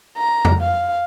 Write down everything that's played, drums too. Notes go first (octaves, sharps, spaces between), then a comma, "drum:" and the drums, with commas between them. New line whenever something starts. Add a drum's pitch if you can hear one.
A#5
drum: tom F2
F5